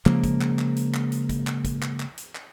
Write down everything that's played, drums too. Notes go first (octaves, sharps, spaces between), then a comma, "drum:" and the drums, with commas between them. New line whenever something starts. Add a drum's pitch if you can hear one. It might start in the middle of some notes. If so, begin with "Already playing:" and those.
C#3 F3 G#3 A#3, drum: clap
drum: kick, hi-hat
drum: clap
drum: clap
drum: hi-hat
drum: clap
drum: hi-hat
drum: kick, hi-hat
drum: clap
drum: kick, hi-hat
drum: clap
drum: clap
drum: hi-hat
drum: clap